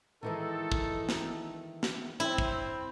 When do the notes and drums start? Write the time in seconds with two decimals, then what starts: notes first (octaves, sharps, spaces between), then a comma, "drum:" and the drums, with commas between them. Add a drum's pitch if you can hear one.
0.23 D#3 E3 G#3 D#4 A4
0.72 drum: kick
1.09 drum: snare
1.83 drum: snare
2.20 C4 E4
2.38 drum: kick